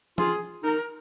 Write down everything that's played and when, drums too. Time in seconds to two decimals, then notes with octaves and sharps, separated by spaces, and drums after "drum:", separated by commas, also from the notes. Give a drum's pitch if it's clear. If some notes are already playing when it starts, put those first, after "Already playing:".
0.18 F4 G#4, drum: tom
0.63 D#4 A#4